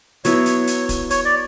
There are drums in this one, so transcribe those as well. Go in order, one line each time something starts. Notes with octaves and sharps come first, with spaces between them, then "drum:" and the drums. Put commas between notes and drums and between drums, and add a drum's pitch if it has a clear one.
F#3 B3 E4 C#5, drum: hi-hat
drum: hi-hat
drum: hi-hat
drum: kick, hi-hat
C#5, drum: hi-hat
D5